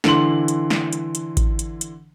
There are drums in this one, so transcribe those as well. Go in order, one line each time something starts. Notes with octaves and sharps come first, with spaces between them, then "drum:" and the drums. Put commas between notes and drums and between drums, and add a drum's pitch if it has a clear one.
D3 E3 C6 F#7, drum: snare
drum: hi-hat
drum: snare
drum: hi-hat
drum: hi-hat
drum: kick A1, hi-hat
drum: hi-hat
drum: hi-hat